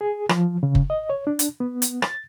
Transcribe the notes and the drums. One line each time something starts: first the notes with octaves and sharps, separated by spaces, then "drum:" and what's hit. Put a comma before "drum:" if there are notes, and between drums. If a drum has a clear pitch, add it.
G#4
F3, drum: rim click
C#3
drum: kick F#1
D#5
C#5
D4
drum: hi-hat
B3
drum: hi-hat
A6, drum: rim click